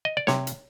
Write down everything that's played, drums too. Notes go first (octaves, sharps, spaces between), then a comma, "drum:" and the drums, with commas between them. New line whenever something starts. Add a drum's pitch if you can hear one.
D#5
D5
C3 C#5, drum: snare
drum: hi-hat